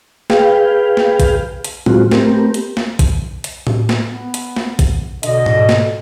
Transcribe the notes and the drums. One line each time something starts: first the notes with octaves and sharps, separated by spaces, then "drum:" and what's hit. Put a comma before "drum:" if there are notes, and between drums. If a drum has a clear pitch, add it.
G#4 B4 F5 G5, drum: snare
drum: snare
drum: kick, hi-hat
drum: hi-hat
F#3 G#3 C4 F4 F#4, drum: tom A2
A3 B3 C4 G4 A#4, drum: snare
drum: hi-hat
drum: snare
drum: kick, hi-hat
drum: hi-hat
drum: tom A2
drum: snare
B3
drum: hi-hat
drum: snare
drum: kick, hi-hat
B2 D3 D#5, drum: hi-hat
drum: tom G#2
drum: snare